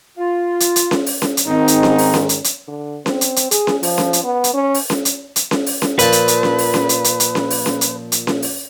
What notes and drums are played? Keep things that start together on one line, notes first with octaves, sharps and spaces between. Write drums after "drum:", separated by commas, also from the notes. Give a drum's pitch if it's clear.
F4
drum: hi-hat
drum: hi-hat
drum: snare C#4
drum: open hi-hat
drum: snare C#4
drum: hi-hat
G#2 D#3 C4 D#4
drum: hi-hat
drum: snare C#4
drum: open hi-hat
drum: snare C#4
drum: hi-hat
drum: hi-hat
D3
C4, drum: snare C#4
drum: hi-hat
drum: hi-hat
G#4, drum: hi-hat
drum: snare C#4
F3, drum: open hi-hat
drum: snare C#4
drum: hi-hat
B3
drum: hi-hat
C#4
drum: open hi-hat
drum: snare C#4
drum: hi-hat
drum: hi-hat
drum: snare C#4
drum: open hi-hat
drum: snare C#4
A#2 F3 B4 A5, drum: hi-hat
drum: hi-hat
drum: hi-hat
drum: snare C#4
drum: open hi-hat
drum: snare C#4
drum: hi-hat
drum: hi-hat
drum: hi-hat
drum: snare C#4
drum: open hi-hat
drum: snare C#4
drum: hi-hat
drum: hi-hat
drum: snare C#4
drum: open hi-hat